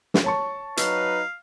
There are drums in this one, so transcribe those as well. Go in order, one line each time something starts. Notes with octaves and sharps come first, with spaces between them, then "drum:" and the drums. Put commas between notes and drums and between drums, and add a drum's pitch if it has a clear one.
drum: snare
C#5 A5 C#6
F#3 D#4 B4 F5, drum: hi-hat